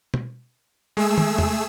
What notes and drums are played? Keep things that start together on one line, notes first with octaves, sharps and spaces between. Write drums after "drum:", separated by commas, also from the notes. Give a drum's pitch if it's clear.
drum: tom B2
G#3 A3 G#4 E6
drum: tom
drum: tom E2